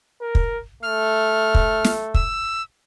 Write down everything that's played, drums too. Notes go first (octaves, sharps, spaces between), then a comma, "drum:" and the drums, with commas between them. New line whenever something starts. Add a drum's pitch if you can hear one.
A#4
drum: kick
A3 F6
drum: kick
drum: snare
E6, drum: kick